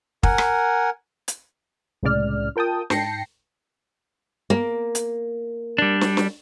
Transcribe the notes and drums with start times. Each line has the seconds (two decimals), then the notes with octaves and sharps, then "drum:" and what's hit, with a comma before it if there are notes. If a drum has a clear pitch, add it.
0.23 A#4 F#5 G#5, drum: kick
0.38 drum: rim click
1.28 drum: hi-hat
2.03 C2 A2 C#3 G#3 D5 F6
2.56 F4 A#4 G5 A5 D#6
2.90 G#2 G5 A5 A#6 C7 C#7, drum: snare
4.50 A#3
4.95 drum: hi-hat
5.78 G3 D4
6.01 drum: snare
6.17 drum: snare